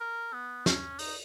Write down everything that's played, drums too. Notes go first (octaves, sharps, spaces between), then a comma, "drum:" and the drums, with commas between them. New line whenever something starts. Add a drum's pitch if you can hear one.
A#4
B3
C#4, drum: snare
D#4, drum: open hi-hat